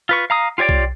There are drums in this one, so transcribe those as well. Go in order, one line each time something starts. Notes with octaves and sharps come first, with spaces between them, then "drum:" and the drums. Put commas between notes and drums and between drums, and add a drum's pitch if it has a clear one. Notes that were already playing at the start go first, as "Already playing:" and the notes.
F4 B4 C#6
F5 A#5 D#6
F4 G4 C#5 D5 G5
drum: kick B1